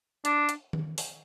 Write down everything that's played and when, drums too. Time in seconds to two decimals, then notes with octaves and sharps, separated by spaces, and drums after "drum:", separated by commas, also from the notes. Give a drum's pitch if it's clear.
0.25 D4, drum: hi-hat
0.49 drum: hi-hat
0.73 drum: tom D#3
0.98 drum: open hi-hat